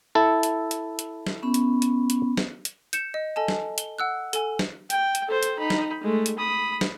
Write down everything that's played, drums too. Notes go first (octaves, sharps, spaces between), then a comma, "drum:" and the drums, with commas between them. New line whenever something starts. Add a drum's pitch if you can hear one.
E4 A4
drum: hi-hat
drum: hi-hat
drum: hi-hat
drum: snare
B3 C#4 B5
drum: hi-hat
drum: hi-hat
drum: hi-hat
drum: snare
drum: hi-hat
G6 C#7 E7, drum: hi-hat
D#5
A4 D#5 G#5 A5
drum: snare
G7, drum: hi-hat
F#5 E6 F#6
A4 G#5, drum: hi-hat
drum: snare
G5, drum: hi-hat
drum: hi-hat
A4 C5
drum: hi-hat
D#4 B5
drum: snare
G#3 A3
drum: hi-hat
B5 D#6
drum: snare